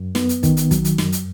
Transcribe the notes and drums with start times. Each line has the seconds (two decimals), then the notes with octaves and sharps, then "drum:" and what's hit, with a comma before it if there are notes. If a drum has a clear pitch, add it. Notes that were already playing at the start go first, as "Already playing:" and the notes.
Already playing: F#2
0.15 B3, drum: snare
0.29 drum: hi-hat
0.43 D#3, drum: kick, hi-hat
0.57 drum: hi-hat
0.71 F#3, drum: kick, hi-hat
0.85 drum: hi-hat
0.98 F#2, drum: snare
1.12 drum: hi-hat